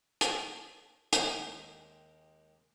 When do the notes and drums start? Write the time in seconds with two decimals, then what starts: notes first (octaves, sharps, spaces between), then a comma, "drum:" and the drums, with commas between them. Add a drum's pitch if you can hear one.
0.21 drum: hi-hat
1.13 D#2 G#3 G4 A#4 E5, drum: hi-hat